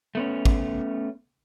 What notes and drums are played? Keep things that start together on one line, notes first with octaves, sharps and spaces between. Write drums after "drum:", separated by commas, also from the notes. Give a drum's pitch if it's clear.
A3 B3 C#4
drum: kick